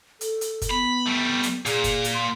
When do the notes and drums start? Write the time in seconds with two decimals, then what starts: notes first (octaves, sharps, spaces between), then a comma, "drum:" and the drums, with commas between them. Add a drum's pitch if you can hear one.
0.21 A4, drum: hi-hat
0.41 drum: hi-hat
0.62 drum: kick F#1, hi-hat
0.71 B3 B5
1.06 G3 A3
1.43 drum: hi-hat
1.66 A#2 G#4, drum: hi-hat
1.84 drum: kick F#1, hi-hat
2.04 drum: hi-hat
2.14 C6